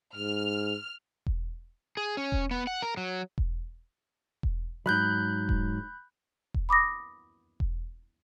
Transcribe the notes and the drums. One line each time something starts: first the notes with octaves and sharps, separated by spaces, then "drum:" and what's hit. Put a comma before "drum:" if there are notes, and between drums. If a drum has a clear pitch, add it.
G#2 F6
drum: kick E1
G#4
C#4
drum: kick E1
B3
F#5
A#4
F#3
drum: kick E1
drum: kick E1
G#2 F#3 B5 F#6 G6
drum: kick E1
drum: kick E1
B5 D6 D#6 A#6
drum: kick E1